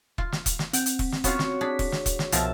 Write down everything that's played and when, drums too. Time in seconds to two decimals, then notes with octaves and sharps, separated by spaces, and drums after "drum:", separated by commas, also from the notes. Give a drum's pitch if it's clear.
0.18 F4, drum: kick E1
0.32 drum: snare
0.46 drum: kick E1, hi-hat
0.59 drum: snare
0.73 C4 F#5 G5, drum: hi-hat
0.86 drum: hi-hat
0.99 drum: kick E1, open hi-hat
1.12 drum: snare
1.24 B3 C#4 F4 F#4 C#5, drum: kick E1, hi-hat
1.39 drum: snare
1.61 D4 G#4 B6
1.79 drum: kick E1, open hi-hat
1.92 drum: snare
2.06 drum: kick E1, hi-hat
2.19 drum: snare
2.32 C2 B2 F3 A#4 E5 A5, drum: hi-hat